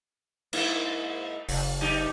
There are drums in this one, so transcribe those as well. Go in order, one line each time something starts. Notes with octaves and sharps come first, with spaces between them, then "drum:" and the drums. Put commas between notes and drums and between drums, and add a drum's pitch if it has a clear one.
G#2 A#3 E4, drum: cymbal
F#1, drum: open hi-hat
F#2 D#4 G4